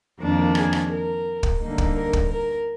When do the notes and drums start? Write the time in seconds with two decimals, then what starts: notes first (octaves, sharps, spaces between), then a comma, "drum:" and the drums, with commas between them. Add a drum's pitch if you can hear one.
0.20 F2 D#3 A#3 D4
0.55 G#4, drum: rim click
0.73 drum: rim click
0.91 A#4
1.43 drum: kick
1.60 D2 D3 G3 A#3 D#4
1.78 drum: kick
1.96 A#4
2.13 drum: kick
2.30 A#4